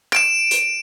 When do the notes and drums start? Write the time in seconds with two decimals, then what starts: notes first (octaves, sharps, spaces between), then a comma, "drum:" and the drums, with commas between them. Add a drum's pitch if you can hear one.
0.13 D7 E7, drum: clap
0.51 drum: hi-hat